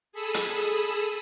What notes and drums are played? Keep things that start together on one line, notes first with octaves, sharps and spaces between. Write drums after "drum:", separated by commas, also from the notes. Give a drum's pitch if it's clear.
G#4 A4 B5 D#6 E6
drum: hi-hat